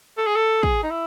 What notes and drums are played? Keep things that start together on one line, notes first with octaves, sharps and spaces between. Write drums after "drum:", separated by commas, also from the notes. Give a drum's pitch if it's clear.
A4
G#4
A4
G#4, drum: kick
D#4
E4